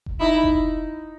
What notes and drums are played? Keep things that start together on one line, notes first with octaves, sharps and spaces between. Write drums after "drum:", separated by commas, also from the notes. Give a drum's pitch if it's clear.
drum: kick F1
D#4 E4
drum: kick F1